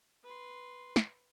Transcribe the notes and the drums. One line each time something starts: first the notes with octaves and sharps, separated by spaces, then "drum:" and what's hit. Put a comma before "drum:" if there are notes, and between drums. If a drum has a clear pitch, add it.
B4 C6
drum: snare